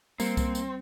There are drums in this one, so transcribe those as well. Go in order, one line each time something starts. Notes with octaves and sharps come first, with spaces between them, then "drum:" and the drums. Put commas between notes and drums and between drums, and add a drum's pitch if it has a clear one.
G3 A#3 C4 C#7, drum: tambourine
drum: kick C2, tambourine
drum: tambourine